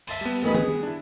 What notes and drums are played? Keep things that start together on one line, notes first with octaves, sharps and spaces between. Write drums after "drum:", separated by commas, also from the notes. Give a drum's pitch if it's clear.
E5 A5 C6, drum: cymbal
G3 B3
A1 D#3 B5
G#4, drum: tom D#3
D4 E4